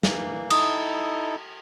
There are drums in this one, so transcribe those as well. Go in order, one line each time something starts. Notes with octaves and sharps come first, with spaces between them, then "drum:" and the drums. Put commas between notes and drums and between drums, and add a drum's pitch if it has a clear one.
E3 A#3, drum: snare
D#4 E4 A4 D#6, drum: cymbal